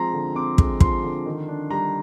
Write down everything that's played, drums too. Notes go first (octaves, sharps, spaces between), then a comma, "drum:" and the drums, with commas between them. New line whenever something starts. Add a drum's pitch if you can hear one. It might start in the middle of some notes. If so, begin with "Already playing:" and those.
Already playing: F3 G#3 C4 A#5 C6
D3
C4 D6
G#3, drum: kick
F3 C6, drum: kick
D3
D#3
D4
G3 A#5